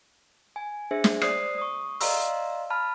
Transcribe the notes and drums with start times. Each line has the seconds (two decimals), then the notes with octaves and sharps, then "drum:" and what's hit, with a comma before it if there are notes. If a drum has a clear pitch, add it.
0.56 G#5
0.91 D4 G#4 C5 E5
1.04 drum: snare
1.21 C5 D5 D#6 C7, drum: rim click
1.58 C#6 D#6
2.00 D5 D#5 F5 A#5 C6 E6, drum: open hi-hat
2.70 A5 B5 F6